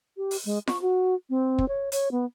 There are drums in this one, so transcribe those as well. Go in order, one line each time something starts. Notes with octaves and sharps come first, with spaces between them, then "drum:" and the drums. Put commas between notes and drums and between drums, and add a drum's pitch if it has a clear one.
G4
drum: open hi-hat
G#3
C#6, drum: snare F4
F#4
C4
drum: kick
C#5
C#5, drum: hi-hat
B3